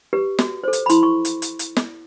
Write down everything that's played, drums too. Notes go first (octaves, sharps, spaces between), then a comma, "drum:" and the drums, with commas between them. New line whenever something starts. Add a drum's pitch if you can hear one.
G4 B4
F#4, drum: snare
A4 C5
drum: hi-hat
B5
E4 C6, drum: hi-hat
C#6
drum: hi-hat
drum: hi-hat
drum: hi-hat
drum: snare